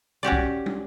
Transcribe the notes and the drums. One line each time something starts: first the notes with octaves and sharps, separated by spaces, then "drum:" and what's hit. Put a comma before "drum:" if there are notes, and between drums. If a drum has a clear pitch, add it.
C#4 F#4 G4 D5
drum: kick B1
drum: tom